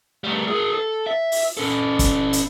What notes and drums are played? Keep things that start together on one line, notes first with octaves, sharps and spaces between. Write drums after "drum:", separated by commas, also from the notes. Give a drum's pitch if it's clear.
G3 A3
G#4 A#4
A4
E5
drum: open hi-hat
C#4 A4
drum: kick, hi-hat
drum: hi-hat